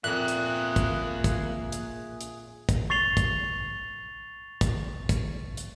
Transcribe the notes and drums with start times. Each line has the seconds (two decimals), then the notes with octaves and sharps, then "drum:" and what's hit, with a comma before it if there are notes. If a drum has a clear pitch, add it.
0.04 F2 A#2 A#3 G#4 E5 F#6
0.28 drum: hi-hat
0.76 drum: kick, hi-hat
1.24 drum: kick, hi-hat
1.72 drum: hi-hat
2.21 drum: hi-hat
2.69 drum: kick, hi-hat
2.90 C#6 A6 C7 F7 G7
3.17 drum: kick, hi-hat
4.61 drum: kick, hi-hat
5.09 drum: kick, hi-hat
5.57 drum: hi-hat